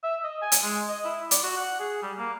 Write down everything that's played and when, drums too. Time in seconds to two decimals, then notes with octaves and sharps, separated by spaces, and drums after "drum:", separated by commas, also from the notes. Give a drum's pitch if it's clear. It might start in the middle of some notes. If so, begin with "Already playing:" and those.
0.03 E5
0.23 D#5
0.42 G#5
0.52 drum: hi-hat
0.62 G#3
0.89 D#5
1.05 E4
1.31 D5, drum: hi-hat
1.44 F#4
1.56 F#5
1.80 G#4
2.02 G3
2.18 A#3